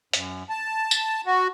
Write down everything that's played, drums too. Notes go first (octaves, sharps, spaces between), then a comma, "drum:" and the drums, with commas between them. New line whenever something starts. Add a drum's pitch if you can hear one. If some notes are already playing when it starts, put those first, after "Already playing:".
F#2, drum: hi-hat
A5
drum: tambourine
F#4